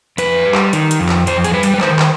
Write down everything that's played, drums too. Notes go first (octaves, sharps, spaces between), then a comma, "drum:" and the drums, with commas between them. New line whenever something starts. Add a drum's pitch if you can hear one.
F2 B4, drum: hi-hat
G3
drum: clap
D#3, drum: hi-hat
drum: hi-hat
F2
drum: clap
F2 C5, drum: hi-hat
G#4, drum: hi-hat
G3 B4
drum: hi-hat
B4
D#3 C5, drum: clap
drum: clap